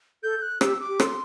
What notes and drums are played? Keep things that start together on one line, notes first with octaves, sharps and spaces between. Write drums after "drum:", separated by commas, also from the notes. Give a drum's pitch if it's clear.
A4 G6
F#6
G4 E6, drum: rim click
D6
G4
A4 C6, drum: rim click